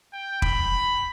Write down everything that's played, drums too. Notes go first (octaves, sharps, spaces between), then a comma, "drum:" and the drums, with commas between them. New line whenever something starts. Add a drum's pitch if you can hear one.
G5
B5, drum: kick